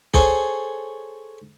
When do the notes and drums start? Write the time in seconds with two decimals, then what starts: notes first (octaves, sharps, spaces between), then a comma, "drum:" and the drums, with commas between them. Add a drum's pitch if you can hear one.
0.14 G#4 A4 C5 C#5 G#5, drum: kick